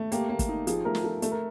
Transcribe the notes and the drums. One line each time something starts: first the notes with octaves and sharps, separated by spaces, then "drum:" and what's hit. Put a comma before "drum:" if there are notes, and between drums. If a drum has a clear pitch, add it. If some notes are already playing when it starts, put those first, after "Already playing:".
Already playing: A3
A#3 G4, drum: hi-hat
A#3
drum: kick, hi-hat
D#4
F3 G#4, drum: hi-hat
A3 A#4
drum: snare
F3 A4
A3 A4, drum: hi-hat
A#4